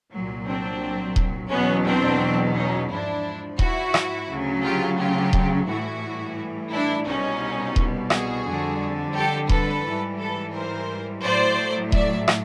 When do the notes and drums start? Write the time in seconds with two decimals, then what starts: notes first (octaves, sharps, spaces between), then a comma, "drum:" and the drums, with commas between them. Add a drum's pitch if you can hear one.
0.12 C2 A#2 F#3
0.47 C4 D4
1.16 drum: kick D#1
1.50 E2 B2 F#3 B3 C#4
1.86 C4 D4
2.55 C#4 D#4
2.90 G#2 F3 D4 E4
3.59 E4 F#4, drum: kick D#1
3.94 drum: rim click
4.28 D2 C#3 F#3
4.63 F4 G4
4.98 F4 G4
5.33 drum: kick D#1
5.67 A2 E3 G3 E4 F#4
6.72 D4 E4
7.06 C2 B2 G3 C#4 D#4
7.76 drum: kick D#1
8.10 F#4 G#4, drum: rim click
8.45 F2 D3 G3
9.14 G4 A4
9.49 A4 B4, drum: kick D#1
9.84 G#2 E3 G3
10.19 A4 B4
10.54 A#4 C5
11.23 A2 F#3 C5 D5
11.92 D5 E5, drum: kick D#1
12.28 drum: rim click